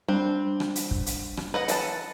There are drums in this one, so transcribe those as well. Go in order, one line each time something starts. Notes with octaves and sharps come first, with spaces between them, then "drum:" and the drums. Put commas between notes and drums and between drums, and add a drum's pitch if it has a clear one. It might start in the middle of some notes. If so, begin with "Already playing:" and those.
G3 C4 D4
drum: rim click
drum: hi-hat
drum: kick
drum: hi-hat
drum: rim click
B4 D#5 F#5
E3 F#5 A5, drum: hi-hat